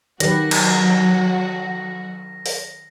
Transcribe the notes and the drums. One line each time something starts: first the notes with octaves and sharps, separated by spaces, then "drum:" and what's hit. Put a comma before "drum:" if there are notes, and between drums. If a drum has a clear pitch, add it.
D#3 F#3 F#4 G4 B4 A#6, drum: hi-hat
drum: cymbal
drum: open hi-hat